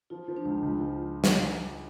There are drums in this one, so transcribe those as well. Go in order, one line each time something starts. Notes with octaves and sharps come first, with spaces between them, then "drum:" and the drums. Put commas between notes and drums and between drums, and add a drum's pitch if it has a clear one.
F3 F4
F3
D4
C#2
C#2
F3
drum: snare